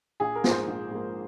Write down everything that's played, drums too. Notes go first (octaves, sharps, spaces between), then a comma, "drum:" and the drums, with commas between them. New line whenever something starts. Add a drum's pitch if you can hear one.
A#1 G#4
A#4
G#2 F3 A#3, drum: snare
C5
A#1
G#2 F3 A#3